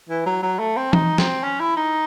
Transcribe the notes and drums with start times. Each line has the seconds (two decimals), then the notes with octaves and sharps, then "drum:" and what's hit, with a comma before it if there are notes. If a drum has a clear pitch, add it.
0.09 E3
0.26 F#3
0.42 F#3
0.59 A3
0.76 C4
0.93 D#4, drum: tom E3
1.18 C4, drum: snare
1.43 C#4
1.60 E4
1.77 D#4